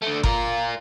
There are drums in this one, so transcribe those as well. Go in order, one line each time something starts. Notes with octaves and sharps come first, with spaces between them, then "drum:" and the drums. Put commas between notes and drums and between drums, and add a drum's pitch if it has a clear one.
D3 A3
F4 A#4, drum: kick G1